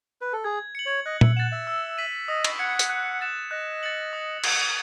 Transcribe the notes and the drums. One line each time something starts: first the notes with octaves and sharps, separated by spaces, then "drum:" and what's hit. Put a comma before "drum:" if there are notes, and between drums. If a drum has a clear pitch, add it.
B4
A4
G#4 G#6
C#7 F#7
C#5
D#5 F#6
E5, drum: tom A#2
F#5 A6 E7
E5
E6
B6 D#7 F#7
D#5 D#6
drum: cymbal
F#5 G#6 C#7
drum: hi-hat
F#6
A6 E7
D#5 F#6
A6 C#7 F#7
D#6
G#6 C#7, drum: cymbal